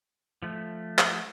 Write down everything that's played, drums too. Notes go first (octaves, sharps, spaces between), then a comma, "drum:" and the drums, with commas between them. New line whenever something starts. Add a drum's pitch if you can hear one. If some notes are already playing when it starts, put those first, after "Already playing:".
F3 A3
drum: clap